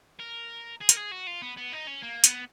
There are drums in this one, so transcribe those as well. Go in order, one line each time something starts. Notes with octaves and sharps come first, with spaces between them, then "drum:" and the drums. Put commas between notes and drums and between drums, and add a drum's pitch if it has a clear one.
A#4
G#4
A#4, drum: hi-hat
G#4
F#4
F4
B3
B3
D#4
C#4
A#3
B3, drum: hi-hat